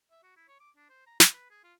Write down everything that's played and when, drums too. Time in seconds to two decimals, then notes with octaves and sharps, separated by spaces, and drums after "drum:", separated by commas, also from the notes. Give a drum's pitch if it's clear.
0.11 E5
0.23 F#4
0.36 E4
0.48 C#5
0.60 D6
0.76 D4
0.90 C5
1.06 A#5
1.20 F4, drum: snare
1.33 B4
1.50 G#4
1.64 F4